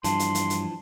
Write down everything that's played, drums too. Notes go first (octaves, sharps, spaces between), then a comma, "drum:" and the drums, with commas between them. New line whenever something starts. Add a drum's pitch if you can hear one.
G2 E3 F3 D4 A5 C6, drum: hi-hat
drum: hi-hat
drum: hi-hat
drum: hi-hat